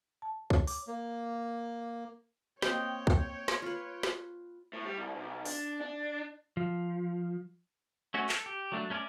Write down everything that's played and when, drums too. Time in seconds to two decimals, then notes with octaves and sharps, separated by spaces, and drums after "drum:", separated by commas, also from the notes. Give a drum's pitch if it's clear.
0.22 A5
0.50 C#5, drum: kick
0.67 D6, drum: open hi-hat
0.87 A#3
2.62 A#3 C4 C#5 D#5 G5, drum: snare
3.07 drum: kick
3.48 drum: snare
3.62 F4 B4
4.03 drum: snare
4.73 A2
4.85 G3
4.98 C2
5.15 B1
5.45 D4, drum: open hi-hat
5.81 D4
6.57 F3
8.14 A3 C#4 F#4
8.29 A4, drum: clap
8.46 G4
8.72 F#3 A3 D4
8.90 A3 C#4 A#4 C#5 D5